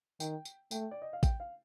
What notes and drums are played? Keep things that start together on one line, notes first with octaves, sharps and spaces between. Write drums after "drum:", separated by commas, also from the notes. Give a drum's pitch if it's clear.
D#3 G5, drum: tambourine
drum: tambourine
A3 G5, drum: tambourine
D5
D#5
F5
G5, drum: kick A1, tambourine
F5